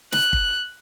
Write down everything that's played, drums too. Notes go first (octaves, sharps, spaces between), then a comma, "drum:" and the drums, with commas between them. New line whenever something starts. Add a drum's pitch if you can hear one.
F#6, drum: snare
drum: kick